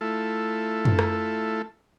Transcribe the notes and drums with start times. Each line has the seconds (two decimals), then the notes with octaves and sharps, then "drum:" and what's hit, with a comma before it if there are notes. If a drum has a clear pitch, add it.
0.01 A3 E4 F4 A4
0.85 drum: tom F#2
0.99 drum: rim click